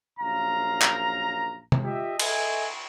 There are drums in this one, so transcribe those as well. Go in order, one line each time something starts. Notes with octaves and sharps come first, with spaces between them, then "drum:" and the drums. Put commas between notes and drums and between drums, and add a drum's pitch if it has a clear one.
A#1 F#2 F5 A#5
drum: clap
drum: tom C3
F4 G4 D#5 E5
A4 D#5 E5 G#5, drum: cymbal